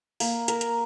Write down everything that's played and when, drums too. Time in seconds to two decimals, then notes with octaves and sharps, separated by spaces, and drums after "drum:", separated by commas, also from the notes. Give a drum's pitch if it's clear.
0.20 A#3, drum: open hi-hat
0.48 A#4, drum: hi-hat
0.61 drum: hi-hat